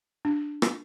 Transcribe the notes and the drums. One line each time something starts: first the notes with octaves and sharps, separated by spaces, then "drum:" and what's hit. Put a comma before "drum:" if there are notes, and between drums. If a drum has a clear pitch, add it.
D4
drum: rim click